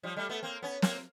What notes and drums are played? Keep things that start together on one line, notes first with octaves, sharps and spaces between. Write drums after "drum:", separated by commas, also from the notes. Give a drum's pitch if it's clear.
F3 G3
G3 A3
A3 B3
A#3 C4
B3 C#4
A#3 C4, drum: snare